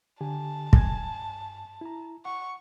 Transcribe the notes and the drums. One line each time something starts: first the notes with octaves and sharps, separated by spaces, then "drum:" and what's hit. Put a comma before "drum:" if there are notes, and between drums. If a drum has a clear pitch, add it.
D3 G4 G#5 A5
G2 G#5 G#6, drum: kick
E4 A#5
F#5 C#6